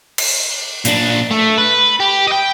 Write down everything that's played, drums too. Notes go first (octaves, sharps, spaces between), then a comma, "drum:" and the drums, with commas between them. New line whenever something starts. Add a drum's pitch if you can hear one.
drum: cymbal
A#2 D4, drum: hi-hat
A3
B4
G4
D#5 G5